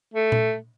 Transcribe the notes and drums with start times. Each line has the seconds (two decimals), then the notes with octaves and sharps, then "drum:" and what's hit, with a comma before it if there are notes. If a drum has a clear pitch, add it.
0.14 A3
0.32 drum: tom A#2